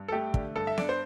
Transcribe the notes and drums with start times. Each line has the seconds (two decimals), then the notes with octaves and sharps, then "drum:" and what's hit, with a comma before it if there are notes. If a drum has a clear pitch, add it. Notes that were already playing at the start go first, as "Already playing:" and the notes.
Already playing: G2
0.08 A4
0.12 A3 G4
0.34 D3, drum: kick
0.55 G2 A4
0.67 E5
0.77 D4 D5, drum: snare B3
0.89 C5